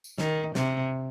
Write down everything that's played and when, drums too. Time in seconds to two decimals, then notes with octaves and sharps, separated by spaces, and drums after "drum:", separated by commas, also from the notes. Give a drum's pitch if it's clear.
0.04 drum: tambourine
0.18 D#3, drum: snare
0.55 C3, drum: snare